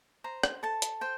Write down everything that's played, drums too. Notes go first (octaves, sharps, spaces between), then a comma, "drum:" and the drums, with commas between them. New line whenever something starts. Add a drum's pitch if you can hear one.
C5 A#5
drum: rim click
A4 A5
drum: hi-hat
C5 G5